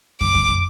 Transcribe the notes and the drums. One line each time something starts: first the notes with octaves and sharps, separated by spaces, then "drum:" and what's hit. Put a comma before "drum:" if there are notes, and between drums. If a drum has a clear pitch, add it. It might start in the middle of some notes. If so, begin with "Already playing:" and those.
D6, drum: kick
drum: kick
drum: kick